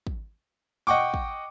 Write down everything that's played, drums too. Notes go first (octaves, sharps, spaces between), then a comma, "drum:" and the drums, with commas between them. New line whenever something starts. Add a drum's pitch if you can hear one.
drum: kick
D#5 F#5 G5 C#6 D6
drum: kick